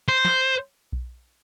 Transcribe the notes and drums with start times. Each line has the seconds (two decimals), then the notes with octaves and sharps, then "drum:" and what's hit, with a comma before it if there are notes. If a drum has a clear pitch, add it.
0.08 C5
0.25 drum: snare
0.92 drum: kick B1